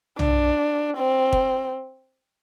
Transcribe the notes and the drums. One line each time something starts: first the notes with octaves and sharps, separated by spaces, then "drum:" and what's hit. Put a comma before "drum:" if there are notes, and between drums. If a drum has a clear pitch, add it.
D4, drum: tom B1
C4
drum: kick